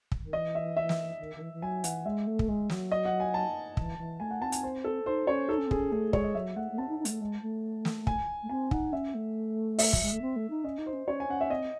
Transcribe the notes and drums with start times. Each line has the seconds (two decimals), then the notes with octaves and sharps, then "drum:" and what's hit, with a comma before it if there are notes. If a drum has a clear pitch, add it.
0.12 drum: kick
0.23 D#3
0.33 E3 D#5
0.55 E5
0.77 E5
0.89 drum: snare
1.19 D#3
1.36 D#3
1.41 E3
1.53 E3
1.62 F#3 G#5
1.84 E3 F#5, drum: hi-hat
2.05 G#3 E5
2.27 A3
2.39 drum: kick
2.49 G#3
2.70 F#3, drum: snare
2.91 D#5
3.05 F#5
3.20 G#5
3.34 A5
3.77 E3, drum: kick
3.99 E3
4.20 A3 G#5
4.31 F#5
4.42 C4 A5
4.52 G#5, drum: hi-hat
4.63 C5
4.84 A4
5.06 D#4 C5
5.27 C#4 C#5
5.49 D#4 A4
5.58 C#4
5.67 C4
5.71 C#4 G#4, drum: kick
5.92 A3 G#4
6.13 G#3 C#5, drum: kick
6.24 D#5
6.35 F#3 E5
6.56 A3 F#5
6.71 A3
6.78 C4 A5
6.89 D#4
6.99 D#4
7.05 G#3, drum: hi-hat
7.10 A3
7.21 G#3
7.42 A3
7.85 drum: snare
8.07 G#5, drum: kick
8.43 A3
8.49 C4 G#5
8.71 D#4 F#5, drum: kick
8.92 C#4 E5
9.15 A3
9.79 E5, drum: open hi-hat
9.93 F#3, drum: kick
10.03 G#3
10.12 A3
10.22 C4
10.36 A3
10.50 D#4
10.64 C#4 D#5
10.78 D#4
10.86 C5
10.93 C#4
11.07 C#4 C#5
11.20 G#5
11.29 C#4 F#5
11.41 E5
11.50 C4 D#5